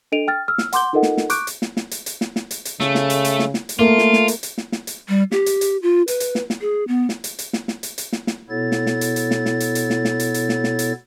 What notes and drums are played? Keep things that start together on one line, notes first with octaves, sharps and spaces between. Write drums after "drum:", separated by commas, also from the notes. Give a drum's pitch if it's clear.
D4 A4 D#5 D7 D#7 F7
G5 F6 A6
E6 F6
drum: snare
F#5 C6 D6 G6 G7, drum: hi-hat
D#4 F4 A4 A#4 D#5 F#5
drum: snare
drum: snare
C#6 D6 F#6 G6 D7, drum: hi-hat
drum: hi-hat
drum: snare
drum: snare
drum: hi-hat
drum: hi-hat
drum: snare
drum: snare
drum: hi-hat
drum: hi-hat
C#3 A3, drum: snare
drum: snare
drum: hi-hat
drum: hi-hat
drum: snare
drum: snare
drum: hi-hat
A3 A#3 F4
drum: snare
drum: snare
drum: hi-hat
drum: hi-hat
drum: snare
drum: snare
drum: hi-hat
G3
G4, drum: snare
drum: hi-hat
drum: hi-hat
F4
B4, drum: hi-hat
drum: hi-hat
drum: snare
drum: snare
G#4
B3
drum: snare
drum: hi-hat
drum: hi-hat
drum: snare
drum: snare
drum: hi-hat
drum: hi-hat
drum: snare
drum: snare
B2 B3 E4 A4 C#5 A6
drum: snare
drum: snare
drum: hi-hat
drum: hi-hat
drum: snare
drum: snare
drum: hi-hat
drum: hi-hat
drum: snare
drum: snare
drum: hi-hat
drum: hi-hat
drum: snare
drum: snare
drum: hi-hat